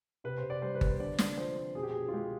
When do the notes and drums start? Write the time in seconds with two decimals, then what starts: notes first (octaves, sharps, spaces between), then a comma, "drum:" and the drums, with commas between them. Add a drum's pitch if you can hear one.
0.24 C3 B4
0.37 C5
0.43 C3
0.50 D5
0.62 G3 C5
0.75 B4
0.81 B3, drum: kick G1
0.87 C5
1.00 D3 D5
1.18 D3 D5, drum: snare
1.38 F3 C5
1.56 C4
1.75 B2 G#4
1.83 G4
1.90 B2 G#4
2.08 F4
2.13 G#3 G4